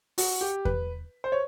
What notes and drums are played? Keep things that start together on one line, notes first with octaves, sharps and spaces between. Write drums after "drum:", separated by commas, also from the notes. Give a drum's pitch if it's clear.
F#4, drum: open hi-hat
G4
B4, drum: kick E2
C5
C#5